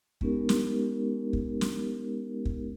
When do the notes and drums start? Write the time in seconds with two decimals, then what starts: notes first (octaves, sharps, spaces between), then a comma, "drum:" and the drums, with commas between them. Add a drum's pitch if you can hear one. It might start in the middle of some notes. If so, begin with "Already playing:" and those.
0.21 G#3 B3 C#4 D#4 G4 A#4, drum: kick
0.49 drum: snare
1.33 drum: kick
1.61 drum: snare
2.45 drum: kick